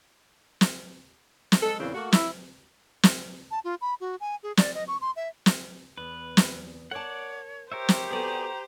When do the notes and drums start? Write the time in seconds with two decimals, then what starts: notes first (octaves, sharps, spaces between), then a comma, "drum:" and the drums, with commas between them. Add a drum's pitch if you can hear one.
0.61 drum: snare
1.52 drum: snare
1.62 G#3 A4
1.80 E2 A#2 C#3 E3 C4
1.94 A3 A#3 F#4
2.12 E4, drum: snare
3.03 drum: snare
3.51 A5
3.64 F4
3.81 B5
4.00 F#4
4.20 G#5
4.43 G#4
4.57 D5, drum: snare
4.74 D#5
4.88 C#6
5.01 C6
5.16 E5
5.46 drum: snare
5.97 E2 B4
6.37 drum: snare
6.91 A#4 C#5 D5 F#5 A5
7.72 G4 A#4 C5 C#5 E5
7.89 drum: snare
8.11 B3 F#4 G#4 A4 D5 G#5 A#5